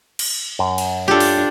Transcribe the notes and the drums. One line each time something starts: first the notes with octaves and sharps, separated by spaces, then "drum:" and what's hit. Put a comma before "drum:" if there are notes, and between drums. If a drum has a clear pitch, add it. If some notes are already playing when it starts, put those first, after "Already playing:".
drum: cymbal
F#2
drum: cymbal
D4 F4 G4 A4
drum: open hi-hat